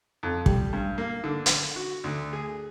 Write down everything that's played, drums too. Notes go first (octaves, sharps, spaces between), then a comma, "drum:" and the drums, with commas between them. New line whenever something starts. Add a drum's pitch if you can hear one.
F2
G3, drum: kick
G2
A#3
D3
drum: hi-hat
F#4
D2
G#4